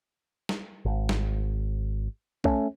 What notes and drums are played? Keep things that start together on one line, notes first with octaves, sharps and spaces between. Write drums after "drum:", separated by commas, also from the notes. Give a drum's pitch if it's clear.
drum: snare
G#1
drum: snare
A3 C#4, drum: kick B1